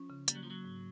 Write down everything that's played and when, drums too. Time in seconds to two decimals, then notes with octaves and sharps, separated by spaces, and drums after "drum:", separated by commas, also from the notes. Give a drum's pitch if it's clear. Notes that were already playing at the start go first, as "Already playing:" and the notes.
Already playing: F3 C#4
0.10 C#3
0.28 G3 A#3, drum: hi-hat
0.35 F#3
0.43 F3
0.46 F#3 A#3
0.64 G#2